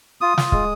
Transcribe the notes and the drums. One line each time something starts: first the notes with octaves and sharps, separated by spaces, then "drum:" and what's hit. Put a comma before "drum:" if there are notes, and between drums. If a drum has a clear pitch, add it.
F4 D#6
F4, drum: snare
G#3, drum: kick